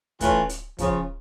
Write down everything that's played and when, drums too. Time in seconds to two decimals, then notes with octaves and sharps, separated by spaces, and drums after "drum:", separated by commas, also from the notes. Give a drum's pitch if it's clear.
0.21 E3 A3 C#4 F4, drum: kick, hi-hat
0.49 drum: hi-hat
0.79 C#3 F3 C#4 F4, drum: kick, hi-hat